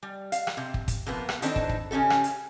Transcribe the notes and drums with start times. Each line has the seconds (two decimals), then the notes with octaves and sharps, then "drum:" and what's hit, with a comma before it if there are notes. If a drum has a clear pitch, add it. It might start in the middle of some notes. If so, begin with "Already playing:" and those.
0.03 G3
0.32 F5, drum: hi-hat
0.47 drum: rim click
0.57 C3
0.74 drum: kick
0.88 drum: kick, hi-hat
1.06 C3 F3 A#3 B3
1.29 drum: rim click
1.42 D#3 E3 C4 D4 D#4 A4, drum: hi-hat
1.56 drum: kick
1.69 drum: kick
1.91 C#3 C#4 D#4 G4 A4
2.10 drum: rim click
2.24 drum: hi-hat